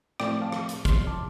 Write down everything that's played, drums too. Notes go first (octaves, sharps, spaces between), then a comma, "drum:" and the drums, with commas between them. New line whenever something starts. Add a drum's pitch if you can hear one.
A2 F3 A3 C4 D5 G5, drum: rim click
F5 A5
drum: rim click
drum: hi-hat
F2 C3 F3 C6 F6, drum: kick, hi-hat
A5 D6